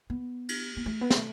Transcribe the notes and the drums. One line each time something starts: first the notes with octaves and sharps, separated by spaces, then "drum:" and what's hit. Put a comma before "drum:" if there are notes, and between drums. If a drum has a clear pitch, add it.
B3
drum: cymbal
B3
A3
B3
G#3, drum: snare
A3